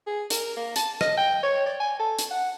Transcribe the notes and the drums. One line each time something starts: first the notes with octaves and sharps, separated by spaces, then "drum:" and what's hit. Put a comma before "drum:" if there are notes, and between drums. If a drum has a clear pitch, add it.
G#4
A#4, drum: hi-hat
A#3
A5, drum: hi-hat
D#5, drum: rim click
G5
C#5
D5
G#5
A4
drum: hi-hat
F#5